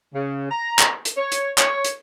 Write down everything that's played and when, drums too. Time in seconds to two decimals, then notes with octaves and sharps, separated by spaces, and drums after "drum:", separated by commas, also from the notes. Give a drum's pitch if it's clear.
0.15 C#3
0.50 A#5
0.79 drum: clap
1.05 drum: hi-hat
1.18 C#5
1.32 drum: hi-hat
1.58 C#5, drum: clap
1.84 drum: hi-hat